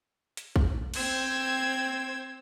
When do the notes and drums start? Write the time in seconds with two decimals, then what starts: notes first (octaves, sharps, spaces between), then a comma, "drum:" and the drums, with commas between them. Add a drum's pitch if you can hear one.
0.37 drum: hi-hat
0.56 drum: kick
0.94 C4 C5 E6 G#6, drum: cymbal